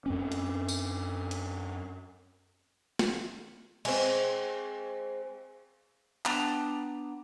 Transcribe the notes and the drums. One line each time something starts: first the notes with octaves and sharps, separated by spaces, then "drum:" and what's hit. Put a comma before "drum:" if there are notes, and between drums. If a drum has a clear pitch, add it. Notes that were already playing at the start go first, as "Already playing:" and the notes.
F#2 C4 C#4
drum: hi-hat
drum: tambourine
drum: hi-hat
drum: snare
G#3 C4, drum: cymbal
B3 D4 B4 G5 A5 A#5, drum: clap